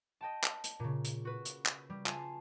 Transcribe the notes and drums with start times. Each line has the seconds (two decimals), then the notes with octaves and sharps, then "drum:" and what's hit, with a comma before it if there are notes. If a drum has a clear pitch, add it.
0.21 D#5 G5 A5
0.44 drum: clap
0.64 drum: hi-hat
0.80 A#2 C#3
1.05 drum: hi-hat
1.25 F#4 B4
1.45 drum: hi-hat
1.66 drum: clap
1.90 G3
2.06 F4 F5 G#5 A5, drum: clap